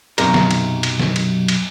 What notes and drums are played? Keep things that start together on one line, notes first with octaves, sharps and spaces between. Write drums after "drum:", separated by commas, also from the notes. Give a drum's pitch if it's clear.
B1 F#2 C3 A#4, drum: cymbal
drum: snare
drum: cymbal
drum: cymbal
drum: snare
drum: cymbal
drum: cymbal